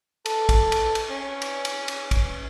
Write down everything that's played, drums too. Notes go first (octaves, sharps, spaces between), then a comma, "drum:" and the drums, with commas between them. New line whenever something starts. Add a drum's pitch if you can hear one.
A4, drum: cymbal
drum: kick, cymbal
drum: cymbal
drum: cymbal
C#4
drum: cymbal
drum: cymbal
drum: cymbal
drum: kick, cymbal